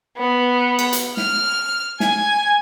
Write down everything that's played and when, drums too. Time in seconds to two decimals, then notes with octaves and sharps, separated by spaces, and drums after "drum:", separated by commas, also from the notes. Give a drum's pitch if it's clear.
0.17 B3
0.79 drum: cymbal
0.93 drum: hi-hat
1.17 F6, drum: snare
2.00 G#5, drum: snare